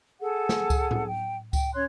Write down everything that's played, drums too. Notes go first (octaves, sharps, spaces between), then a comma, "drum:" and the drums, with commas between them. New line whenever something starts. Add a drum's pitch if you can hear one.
G#4 A4 F#5
drum: snare
drum: kick C#2, tambourine
drum: tom A2
G5
G5, drum: kick C#2, tambourine
C#4 C#5 C6 F#6